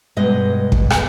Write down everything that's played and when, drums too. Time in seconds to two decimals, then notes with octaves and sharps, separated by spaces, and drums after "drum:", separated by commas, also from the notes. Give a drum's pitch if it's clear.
0.16 G2 B2 G#3 D#5
0.72 drum: kick
0.90 drum: rim click